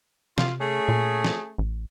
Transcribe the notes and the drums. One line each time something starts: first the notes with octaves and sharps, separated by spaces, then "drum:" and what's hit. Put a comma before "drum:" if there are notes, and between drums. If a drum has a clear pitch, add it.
C3 F4, drum: snare
A3 C#4 G#4
A#2
drum: snare
A1